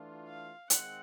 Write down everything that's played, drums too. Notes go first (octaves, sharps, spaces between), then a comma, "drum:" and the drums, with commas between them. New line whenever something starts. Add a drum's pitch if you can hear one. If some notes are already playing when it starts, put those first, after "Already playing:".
Already playing: E3 A3 D4 F4
F5
D#3 G#3 C4 F#5, drum: hi-hat